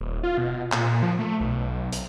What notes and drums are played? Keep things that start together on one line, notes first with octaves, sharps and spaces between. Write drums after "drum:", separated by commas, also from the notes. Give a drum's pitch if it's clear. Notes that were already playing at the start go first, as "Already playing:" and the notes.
D#1
F4
B2
A#2, drum: clap
A#2
F3
A3
B1
drum: hi-hat